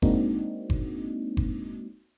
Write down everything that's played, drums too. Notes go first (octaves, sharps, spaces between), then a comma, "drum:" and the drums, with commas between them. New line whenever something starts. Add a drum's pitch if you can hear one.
G#3 A#3 C4 D4 D#4 F#4, drum: kick F#1
drum: kick F#1
drum: kick F#1